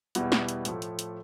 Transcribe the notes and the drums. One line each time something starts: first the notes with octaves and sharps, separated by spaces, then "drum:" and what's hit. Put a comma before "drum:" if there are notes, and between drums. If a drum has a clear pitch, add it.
E2 B2 G3 B3 E4, drum: hi-hat
drum: snare
drum: hi-hat
A2 F3 A3, drum: hi-hat
drum: hi-hat
drum: hi-hat